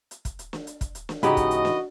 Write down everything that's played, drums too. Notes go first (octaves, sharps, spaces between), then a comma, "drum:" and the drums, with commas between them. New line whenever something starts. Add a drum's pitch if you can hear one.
drum: hi-hat
drum: kick, hi-hat
drum: hi-hat
drum: snare
drum: hi-hat
drum: kick, hi-hat
drum: hi-hat
drum: snare
G#2 C#3 E3 D#4 F#4 G4 D#5 B5, drum: hi-hat
drum: kick, hi-hat
drum: hi-hat
drum: snare